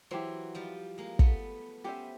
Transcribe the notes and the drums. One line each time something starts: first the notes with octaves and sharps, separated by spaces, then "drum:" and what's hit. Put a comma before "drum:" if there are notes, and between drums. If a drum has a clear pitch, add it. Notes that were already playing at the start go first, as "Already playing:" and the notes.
E3 F#3 E4 G4 C5
F3 G3
G#3 A#3
A3 B3, drum: kick
B3 C#4 G4 C5 E5